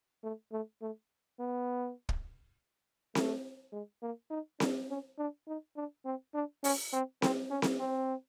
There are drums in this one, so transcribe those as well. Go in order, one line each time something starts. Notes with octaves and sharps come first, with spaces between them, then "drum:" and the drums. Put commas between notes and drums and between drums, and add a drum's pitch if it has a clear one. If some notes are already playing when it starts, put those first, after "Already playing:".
A3
A3
A3
B3
drum: kick
A3, drum: snare C4
G#3
A#3
D#4
D4, drum: snare C4
C#4
D4
D#4
D4
C4
D4
C#4, drum: open hi-hat
C4
C4, drum: snare C4
C#4
drum: snare C4
C4